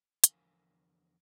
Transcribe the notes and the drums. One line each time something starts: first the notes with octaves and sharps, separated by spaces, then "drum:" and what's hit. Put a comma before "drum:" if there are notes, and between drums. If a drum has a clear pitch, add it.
E2 D3 F3 A#4 F5 G#5, drum: hi-hat